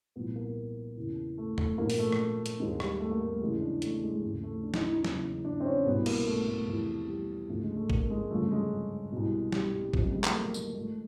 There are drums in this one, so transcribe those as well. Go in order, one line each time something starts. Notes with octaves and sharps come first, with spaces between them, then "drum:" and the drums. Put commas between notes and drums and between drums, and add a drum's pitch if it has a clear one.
C2 A#2 F3 B3
A#3
E2 C#3 E3
A3
A3, drum: tom E2
A#1 G#2 D#3 A#3
drum: open hi-hat
A3
drum: rim click
drum: hi-hat
D#2 D#3 G#3
G3, drum: rim click
A3
A#3
A3
G3
F1 E2 C#3 E3 G#3
D4
A3, drum: hi-hat
A3
G#3
G#3
F1 D#2 C#3 E3 A3
A3
D4
D#4, drum: snare
E4
D#4
F#1 E2 C#3, drum: snare
D4
C4
C#4
C2 B2 B3
A#3, drum: cymbal
A3
A3
E2 C3 F3
G3
D2 C#3 F3 A3
G#3
A3
A#3, drum: kick A1
G#3
G1 F2 C#3 F3 A3
G#3
C2 B2
G3, drum: snare
G3
F#1 F2 C3 D#3, drum: kick A1
G3
G#3
A3, drum: clap
A#3
A#3, drum: tambourine
G#1 G#2 F3 A3